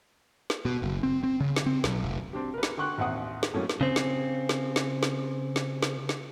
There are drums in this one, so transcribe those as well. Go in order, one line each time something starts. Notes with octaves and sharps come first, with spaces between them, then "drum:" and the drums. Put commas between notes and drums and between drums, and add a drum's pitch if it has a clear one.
drum: snare
B2
F#1
C4
C4
C#3
drum: snare
C4
B1, drum: snare
F1
C4 D4 G4
A#4 B4
drum: snare
D3 G5 C6 C#6 F#6
A1 D#2 C4 E5 F#5 D#6
drum: snare
F#2 A2 A3 A#3 C#4
drum: snare
C#3 C4
drum: snare
drum: snare
drum: snare
drum: snare
drum: snare
drum: snare
drum: snare